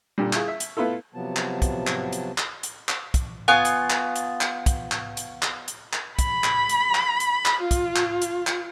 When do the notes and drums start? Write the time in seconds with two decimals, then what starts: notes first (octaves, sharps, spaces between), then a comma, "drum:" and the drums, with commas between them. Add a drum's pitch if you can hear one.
0.18 A#2 D3 G3
0.33 E4 F4 G#4, drum: clap
0.48 E5
0.60 drum: hi-hat
0.77 A3 B3 E4 F4 A4
1.14 C3 F3 F#3 B3 A5
1.36 drum: clap
1.62 drum: kick, hi-hat
1.87 drum: clap
2.13 drum: hi-hat
2.38 drum: clap
2.63 drum: hi-hat
2.89 drum: clap
3.14 drum: kick, hi-hat
3.48 B3 F4 G#5 C#6
3.65 drum: hi-hat
3.90 drum: clap
4.16 drum: hi-hat
4.41 drum: clap
4.66 drum: kick, hi-hat
4.92 drum: clap
5.17 drum: hi-hat
5.42 drum: clap
5.68 drum: hi-hat
5.93 drum: clap
6.19 B5, drum: kick, hi-hat
6.44 drum: clap
6.69 drum: hi-hat
6.95 drum: clap
7.20 drum: hi-hat
7.45 drum: clap
7.61 F4
7.71 drum: kick, hi-hat
7.96 drum: clap
8.22 drum: hi-hat
8.47 drum: clap